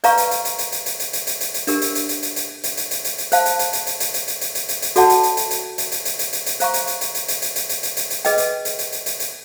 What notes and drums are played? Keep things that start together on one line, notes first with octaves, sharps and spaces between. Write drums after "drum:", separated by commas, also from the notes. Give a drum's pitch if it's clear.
B4 D5 F5 A#5 C#6, drum: hi-hat
drum: hi-hat
drum: hi-hat
drum: hi-hat
drum: hi-hat
drum: hi-hat
drum: hi-hat
drum: hi-hat
drum: hi-hat
drum: hi-hat
drum: hi-hat
drum: hi-hat
D4 G4 A#4, drum: hi-hat
drum: hi-hat
drum: hi-hat
drum: hi-hat
drum: hi-hat
drum: hi-hat
drum: hi-hat
drum: hi-hat
drum: hi-hat
drum: hi-hat
drum: hi-hat
C5 F5 A5, drum: hi-hat
drum: hi-hat
drum: hi-hat
drum: hi-hat
drum: hi-hat
drum: hi-hat
drum: hi-hat
drum: hi-hat
drum: hi-hat
drum: hi-hat
drum: hi-hat
drum: hi-hat
F#4 A4 D5 F#5 A5, drum: hi-hat
drum: hi-hat
drum: hi-hat
drum: hi-hat
drum: hi-hat
drum: hi-hat
drum: hi-hat
drum: hi-hat
drum: hi-hat
drum: hi-hat
drum: hi-hat
C5 F5 A#5 C#6, drum: hi-hat
drum: hi-hat
drum: hi-hat
drum: hi-hat
drum: hi-hat
drum: hi-hat
drum: hi-hat
drum: hi-hat
drum: hi-hat
drum: hi-hat
drum: hi-hat
drum: hi-hat
G#4 B4 D#5 G5, drum: hi-hat
drum: hi-hat
drum: hi-hat
drum: hi-hat
drum: hi-hat
drum: hi-hat
drum: hi-hat